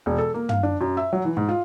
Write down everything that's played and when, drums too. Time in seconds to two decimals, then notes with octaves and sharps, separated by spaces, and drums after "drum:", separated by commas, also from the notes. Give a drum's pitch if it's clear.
0.06 E1
0.18 A4
0.34 A#3
0.49 F5, drum: tom
0.63 D4
0.81 F#2
0.97 E5
1.13 F#3
1.25 E3
1.37 G#2
1.49 F4